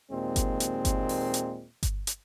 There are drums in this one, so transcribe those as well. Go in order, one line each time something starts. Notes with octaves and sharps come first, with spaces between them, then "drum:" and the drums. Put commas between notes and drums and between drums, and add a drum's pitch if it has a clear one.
D#2 A#2 G#3 C4
drum: kick G1, hi-hat
drum: hi-hat
drum: kick G1, hi-hat
drum: open hi-hat
drum: hi-hat
drum: kick G1, hi-hat
drum: hi-hat